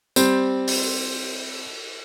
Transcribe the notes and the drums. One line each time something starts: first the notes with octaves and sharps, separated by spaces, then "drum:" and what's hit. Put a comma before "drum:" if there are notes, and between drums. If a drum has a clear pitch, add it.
G3 C4, drum: tambourine
drum: open hi-hat